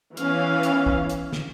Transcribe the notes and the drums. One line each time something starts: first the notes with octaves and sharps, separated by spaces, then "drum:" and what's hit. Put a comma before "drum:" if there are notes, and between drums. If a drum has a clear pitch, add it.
E3 B3 C#4 F5, drum: hi-hat
drum: hi-hat
drum: kick
drum: hi-hat
drum: snare